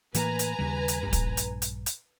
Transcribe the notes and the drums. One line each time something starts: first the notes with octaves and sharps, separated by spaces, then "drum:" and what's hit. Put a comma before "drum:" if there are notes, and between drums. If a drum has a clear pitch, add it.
A2 E3 A#3 B4 G#5 A#5, drum: hi-hat
drum: hi-hat
D#2 C#3 G3
drum: hi-hat
A#1 G2
drum: kick, hi-hat
drum: hi-hat
drum: hi-hat
drum: hi-hat